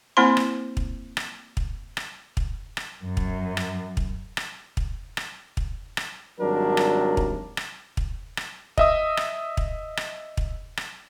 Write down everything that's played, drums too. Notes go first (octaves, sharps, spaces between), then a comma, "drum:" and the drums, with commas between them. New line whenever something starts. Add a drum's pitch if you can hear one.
A#3 C4 E4 C5 B5 C6
drum: rim click
drum: kick
drum: rim click
drum: kick
drum: rim click
drum: kick
drum: rim click
F#2
drum: kick
drum: rim click
drum: kick
drum: rim click
drum: kick
drum: rim click
drum: kick
drum: rim click
G#1 F#3 G3 D4 A#4
drum: rim click
drum: kick
drum: rim click
drum: kick
drum: rim click
D#5 E5 D#6, drum: kick
drum: rim click
drum: kick
drum: rim click
drum: kick
drum: rim click